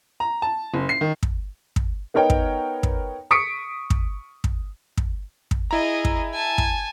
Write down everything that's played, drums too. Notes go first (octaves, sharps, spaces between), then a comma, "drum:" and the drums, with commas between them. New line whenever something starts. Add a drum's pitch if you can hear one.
A#5
A5
F#1
C7
D#3
drum: kick
drum: kick
B3 D#4 A#4 C#5 G5
drum: kick
drum: kick
C#6 D#6 B6 C#7 D7
drum: kick
drum: kick
drum: kick
drum: kick
E4 G#4 D#5 A#5
drum: kick
G#5 A5
drum: kick